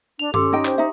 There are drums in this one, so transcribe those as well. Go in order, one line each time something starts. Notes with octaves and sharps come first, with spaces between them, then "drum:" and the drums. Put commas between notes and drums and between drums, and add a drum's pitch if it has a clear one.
D4 F7
C#4 G4 A4 C6 D6, drum: tom G2
D#4 D#5 G5
C5, drum: clap
D#4 E5